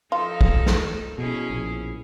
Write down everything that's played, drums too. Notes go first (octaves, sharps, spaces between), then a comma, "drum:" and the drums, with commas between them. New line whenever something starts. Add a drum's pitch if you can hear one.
F3 D#4 F4 A4
drum: kick
drum: snare
B2 C#4 E4 G#4
A#1